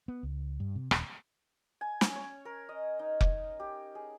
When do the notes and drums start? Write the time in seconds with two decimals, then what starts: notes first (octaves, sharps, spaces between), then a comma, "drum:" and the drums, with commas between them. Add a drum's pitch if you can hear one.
0.08 B3
0.23 C#2
0.60 G2
0.76 C3
0.91 D#1, drum: rim click
1.81 G#5
2.01 C#4, drum: snare
2.16 C#5
2.45 A#4
2.69 D#5
2.99 D#4
3.21 drum: kick F1
3.60 G4
3.95 G#4